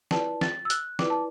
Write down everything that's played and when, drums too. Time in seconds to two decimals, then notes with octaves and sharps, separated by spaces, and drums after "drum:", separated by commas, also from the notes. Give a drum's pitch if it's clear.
0.11 E4 B4 D5 A5, drum: snare
0.41 A6, drum: snare
0.65 E6
0.70 F#6, drum: hi-hat
0.99 E4 B4 D5 D6, drum: snare
1.10 A5